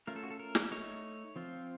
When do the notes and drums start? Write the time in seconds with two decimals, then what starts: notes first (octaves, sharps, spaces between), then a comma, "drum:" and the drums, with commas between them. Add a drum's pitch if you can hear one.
0.07 A3 C#4 F4 A#4
0.16 A4
0.23 F#4
0.31 A4
0.39 A#4
0.55 drum: snare
0.71 A3 D#4 C#5
1.36 F3 C4 F4